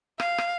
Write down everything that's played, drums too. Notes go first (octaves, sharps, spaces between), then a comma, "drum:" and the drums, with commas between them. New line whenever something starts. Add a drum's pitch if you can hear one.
F5, drum: rim click
drum: rim click